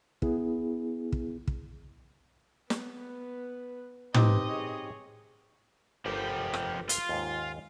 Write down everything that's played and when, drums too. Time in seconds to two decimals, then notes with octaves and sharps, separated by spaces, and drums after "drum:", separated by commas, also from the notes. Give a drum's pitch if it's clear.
0.22 B3 E4 G#4, drum: kick
1.12 drum: kick
1.47 drum: kick
2.70 B3 B4, drum: snare
4.14 C4 D#4 G4 B4 D#5, drum: tom
4.47 G#4 C#5
6.06 G1 F3 G4 A#4
6.54 drum: rim click
6.89 F4, drum: hi-hat
7.09 D#2 G#2